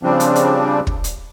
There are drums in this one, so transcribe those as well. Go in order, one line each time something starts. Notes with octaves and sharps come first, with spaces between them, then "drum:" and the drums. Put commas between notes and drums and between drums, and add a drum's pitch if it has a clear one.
C#3 F3 G3 C4 D4
drum: hi-hat
drum: hi-hat
drum: kick
drum: hi-hat